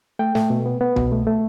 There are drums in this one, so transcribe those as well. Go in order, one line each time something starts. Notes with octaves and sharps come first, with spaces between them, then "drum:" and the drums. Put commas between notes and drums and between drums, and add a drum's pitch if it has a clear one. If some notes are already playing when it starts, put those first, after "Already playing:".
A3 G5
A3, drum: snare
B2
B3
B3
B2, drum: tom C2
A3
A3